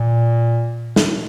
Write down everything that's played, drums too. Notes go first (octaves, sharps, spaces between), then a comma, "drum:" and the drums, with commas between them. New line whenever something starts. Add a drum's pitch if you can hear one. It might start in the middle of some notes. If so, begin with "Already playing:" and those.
Already playing: A#2
drum: snare